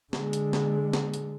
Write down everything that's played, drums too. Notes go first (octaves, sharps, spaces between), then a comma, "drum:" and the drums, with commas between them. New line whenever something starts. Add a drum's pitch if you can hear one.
D3 G#3, drum: snare
drum: hi-hat
drum: snare
drum: snare
drum: hi-hat